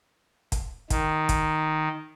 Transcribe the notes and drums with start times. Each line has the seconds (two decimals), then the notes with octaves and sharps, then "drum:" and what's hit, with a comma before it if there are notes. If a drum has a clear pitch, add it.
0.52 drum: kick, hi-hat
0.90 D#3, drum: kick, hi-hat
1.29 drum: kick, hi-hat